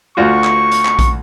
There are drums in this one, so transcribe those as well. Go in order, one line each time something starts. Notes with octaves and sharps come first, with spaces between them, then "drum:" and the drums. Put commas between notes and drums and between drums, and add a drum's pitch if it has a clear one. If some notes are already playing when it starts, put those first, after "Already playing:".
D2 F4 F#4 C#6
drum: clap
drum: hi-hat
drum: clap
drum: kick A#1, hi-hat